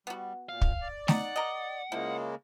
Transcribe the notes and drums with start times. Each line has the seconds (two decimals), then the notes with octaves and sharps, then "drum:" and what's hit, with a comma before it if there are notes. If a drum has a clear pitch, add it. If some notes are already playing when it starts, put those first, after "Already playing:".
0.07 G3 B3 F#4
0.49 A#2 F5
0.61 drum: kick
0.81 D5
1.08 D#4 F#5, drum: snare
1.36 A#4 D#5
1.92 C#3 F3 G#3 A#3 E4